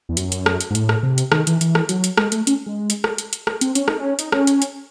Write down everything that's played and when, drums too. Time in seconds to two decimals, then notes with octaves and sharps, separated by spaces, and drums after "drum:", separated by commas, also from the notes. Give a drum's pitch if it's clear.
0.09 E2
0.17 F#2, drum: hi-hat
0.32 drum: hi-hat
0.46 drum: rim click
0.61 drum: hi-hat
0.71 G#2
0.75 A2, drum: hi-hat
0.89 drum: rim click
1.03 C3
1.18 drum: hi-hat
1.32 D#3, drum: rim click
1.47 E3, drum: hi-hat
1.61 E3, drum: hi-hat
1.75 drum: rim click
1.89 F#3, drum: hi-hat
2.04 drum: hi-hat
2.18 G#3, drum: rim click
2.32 A3, drum: hi-hat
2.47 C#4, drum: hi-hat
2.66 G#3
2.90 drum: hi-hat
3.04 drum: rim click
3.18 drum: hi-hat
3.33 drum: hi-hat
3.47 drum: rim click
3.61 C4, drum: hi-hat
3.75 C#4, drum: hi-hat
3.88 D#4, drum: rim click
4.00 C#4
4.19 D#4, drum: hi-hat
4.32 C#4, drum: rim click
4.47 drum: hi-hat
4.62 drum: hi-hat